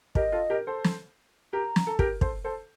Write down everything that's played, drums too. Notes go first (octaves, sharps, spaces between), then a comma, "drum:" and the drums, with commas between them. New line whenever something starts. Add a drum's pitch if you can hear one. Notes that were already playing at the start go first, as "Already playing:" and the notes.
G4 A#4 D#5, drum: kick
F4 A4
G4 A#4
A4 C5
drum: snare
G4 A#4 A#5
drum: snare
A4
G4 A#4, drum: kick
A4 C5, drum: kick
A4 C5